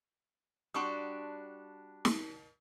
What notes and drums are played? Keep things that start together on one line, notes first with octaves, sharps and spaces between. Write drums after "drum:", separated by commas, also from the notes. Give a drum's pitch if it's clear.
G3 D4 F#4 C6 C#6 D#6
drum: snare